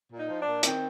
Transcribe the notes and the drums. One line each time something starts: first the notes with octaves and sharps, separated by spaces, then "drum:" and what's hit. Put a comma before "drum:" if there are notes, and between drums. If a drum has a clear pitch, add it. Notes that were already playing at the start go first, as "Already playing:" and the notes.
A#2
D#4
F3
D4
A#2
D#3 C4, drum: hi-hat